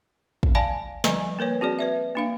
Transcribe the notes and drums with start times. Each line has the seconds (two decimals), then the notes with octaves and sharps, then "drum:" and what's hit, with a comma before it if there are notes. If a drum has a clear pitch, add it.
0.43 drum: kick
0.55 D5 F5 G#5 A5 B5
1.04 D3 F3 G3 D#5 G#5 A#5, drum: snare
1.39 A#3 A#4 B4 C#5
1.61 C4 F#4 G#4 D5
1.79 B4 D5 E5
2.15 A#3 D4 F5